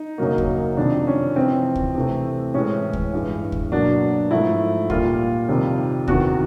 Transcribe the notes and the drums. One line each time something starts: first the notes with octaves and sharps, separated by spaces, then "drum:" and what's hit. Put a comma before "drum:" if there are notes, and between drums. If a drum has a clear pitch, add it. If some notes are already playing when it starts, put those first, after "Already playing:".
Already playing: D#4
F#2 C#3 F#3 A#3
drum: kick
F2 C3 D#3 D4
C#4
F2 C3 E3 C4
drum: kick
C3 E3 A3
A2 E3 G#3 C#4
drum: kick
G2 E3 G#3
drum: kick
B2 F#3 A#3 D4
G#2 F3 A3 E4
A#2 G3 A#3 F4, drum: kick
F2 C3 D#3 G3
E2 C3 D#3 F#4, drum: kick